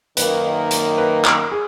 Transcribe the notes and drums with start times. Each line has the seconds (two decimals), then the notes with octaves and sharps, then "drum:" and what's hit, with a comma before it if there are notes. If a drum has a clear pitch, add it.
0.17 F#2 D#3 A#3 B4, drum: hi-hat
0.71 drum: hi-hat
0.98 B4
1.25 A#4, drum: clap
1.52 G#4